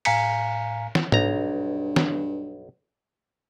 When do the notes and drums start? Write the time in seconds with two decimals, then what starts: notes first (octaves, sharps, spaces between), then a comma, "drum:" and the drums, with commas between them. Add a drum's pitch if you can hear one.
0.05 A2 F5 G#5 A#5 B6 C#7, drum: cymbal
0.95 drum: snare
1.12 B1 G2 A#5, drum: tom G#2
1.96 drum: snare